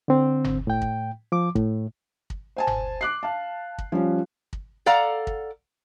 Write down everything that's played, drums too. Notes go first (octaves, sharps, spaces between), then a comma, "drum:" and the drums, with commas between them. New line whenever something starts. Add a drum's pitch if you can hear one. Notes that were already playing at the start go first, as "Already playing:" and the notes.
D3 C4
drum: tom F#1
A2 G5
drum: kick
F3 D6
A2, drum: kick
drum: kick
C5 G#5 A5
drum: tom F#1
D6 F#6 C7
F5 A5
drum: kick
F3 G3 C#4
drum: kick
A4 D5 F5 F#5 A#5
drum: kick